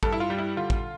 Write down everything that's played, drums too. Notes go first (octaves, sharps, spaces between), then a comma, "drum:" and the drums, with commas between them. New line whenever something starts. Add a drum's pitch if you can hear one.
G2 A4, drum: kick
E4
F4
G3
E4
D3 F4
drum: kick